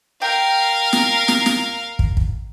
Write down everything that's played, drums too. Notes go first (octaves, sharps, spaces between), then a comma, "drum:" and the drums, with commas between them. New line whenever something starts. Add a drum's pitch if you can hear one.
A#4 F5 G5
drum: snare
drum: snare
drum: snare
drum: kick
drum: kick